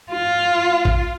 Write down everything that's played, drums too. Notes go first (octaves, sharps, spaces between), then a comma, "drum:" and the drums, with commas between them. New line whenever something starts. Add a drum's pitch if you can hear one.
F4
drum: kick